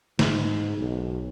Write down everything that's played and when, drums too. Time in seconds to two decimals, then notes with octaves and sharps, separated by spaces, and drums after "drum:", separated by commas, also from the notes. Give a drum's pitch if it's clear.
0.19 G#2, drum: snare
0.77 B1